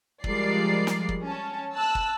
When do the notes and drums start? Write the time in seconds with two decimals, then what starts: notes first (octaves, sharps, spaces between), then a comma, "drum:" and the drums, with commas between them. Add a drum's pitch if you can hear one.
0.24 F3 G3 G#3 A#4 D5 C7, drum: kick
0.87 drum: snare
1.09 drum: kick
1.23 C#4 A5
1.73 A5 E6 F#6
1.95 drum: kick